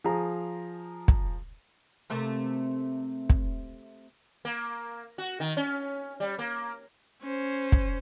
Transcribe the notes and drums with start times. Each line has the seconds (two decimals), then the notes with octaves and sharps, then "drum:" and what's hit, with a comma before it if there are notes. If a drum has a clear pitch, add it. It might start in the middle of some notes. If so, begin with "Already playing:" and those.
0.04 F3 G#4 A#5
1.08 drum: kick
2.10 C3 A3 A#3
3.30 drum: kick
4.45 A#3
5.18 F#4
5.40 D#3
5.57 C#4
6.20 G3
6.39 A#3
7.22 C#4 C5
7.72 drum: kick